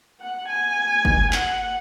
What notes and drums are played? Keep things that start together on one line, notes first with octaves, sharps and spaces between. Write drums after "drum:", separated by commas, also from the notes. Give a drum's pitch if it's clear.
F#5
G#5
drum: kick G1
F#5, drum: clap